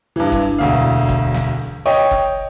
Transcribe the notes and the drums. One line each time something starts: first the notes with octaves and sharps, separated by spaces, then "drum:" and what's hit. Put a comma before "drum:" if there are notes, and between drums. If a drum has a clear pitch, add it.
G2 E3
drum: kick
E1 D2 F5
drum: kick
drum: snare
C#5 D#5 G5
drum: kick